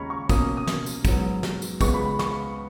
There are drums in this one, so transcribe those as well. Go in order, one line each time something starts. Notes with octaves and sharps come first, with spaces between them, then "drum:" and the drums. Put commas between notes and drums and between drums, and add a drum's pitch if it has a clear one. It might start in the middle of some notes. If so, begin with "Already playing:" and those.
Already playing: D#2 C#3 G#3 C#4 A#5 B5 C#6
C#6
B2 A#3 C#4 D#6, drum: kick, tambourine
D#6
drum: snare
drum: tambourine
G#2 F#3 B3, drum: kick, tambourine
drum: snare
drum: tambourine
C#2 C#3 G#3 B3 C#6, drum: kick, tambourine
B5
B5
C#6, drum: snare